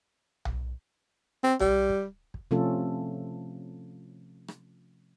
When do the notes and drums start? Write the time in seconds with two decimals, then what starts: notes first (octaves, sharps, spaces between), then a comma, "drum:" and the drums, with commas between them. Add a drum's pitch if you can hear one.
0.45 drum: tom B1
1.44 C4
1.60 G3, drum: tom B1
1.90 drum: kick
2.34 drum: kick
2.51 C3 F3 A3 C#4 F4 A4
4.48 drum: rim click